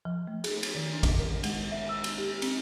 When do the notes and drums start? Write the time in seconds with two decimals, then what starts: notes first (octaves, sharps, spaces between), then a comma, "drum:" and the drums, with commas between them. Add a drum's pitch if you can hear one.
0.05 F3
0.28 A3
0.44 G#4, drum: cymbal
0.63 drum: cymbal
0.75 D#3
0.93 D4
1.03 drum: kick G#1, cymbal
1.19 A#4
1.44 G#3, drum: cymbal
1.72 E5
1.89 E6
2.04 drum: cymbal
2.18 G4
2.42 C4, drum: cymbal